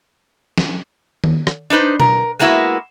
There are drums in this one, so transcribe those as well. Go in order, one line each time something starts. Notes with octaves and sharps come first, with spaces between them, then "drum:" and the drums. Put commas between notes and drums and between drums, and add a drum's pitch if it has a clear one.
drum: snare
drum: tom D#3
drum: rim click
D4 D#4 B4 C5
A#4, drum: tom B2
G#3 A#3 B3 E4 F#4 E5